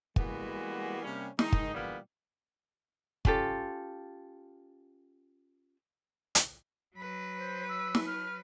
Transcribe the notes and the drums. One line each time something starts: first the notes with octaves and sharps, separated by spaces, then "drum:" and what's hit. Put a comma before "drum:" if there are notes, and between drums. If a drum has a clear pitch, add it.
E3 G3 G#3 A#3 B3 F#4, drum: kick
C3 G3 A#3 C#4
D#3 G#3 D#4, drum: snare
drum: kick
A#2 D3 E3 G3 A#3 B3
C#4 F4 G4 A4, drum: kick
drum: hi-hat
F#3 B4
C5
E6
drum: snare
F6